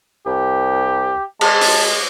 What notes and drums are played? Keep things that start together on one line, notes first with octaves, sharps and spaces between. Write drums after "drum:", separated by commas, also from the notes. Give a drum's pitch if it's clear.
C2 G4
G#3 A5, drum: cymbal
drum: open hi-hat